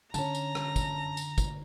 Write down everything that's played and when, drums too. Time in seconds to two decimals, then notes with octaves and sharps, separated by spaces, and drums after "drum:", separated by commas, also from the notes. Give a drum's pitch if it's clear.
0.14 D3 C#4 A5 A#5, drum: tambourine
0.35 drum: tambourine
0.55 drum: rim click
0.76 drum: kick, tambourine
1.17 drum: tambourine
1.38 drum: kick, tambourine